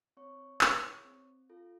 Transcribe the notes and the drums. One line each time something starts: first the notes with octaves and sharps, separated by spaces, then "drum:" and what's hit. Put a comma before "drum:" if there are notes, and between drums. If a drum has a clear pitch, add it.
C4 C#5 C#6
E4 G#4, drum: clap
C4
F4 A4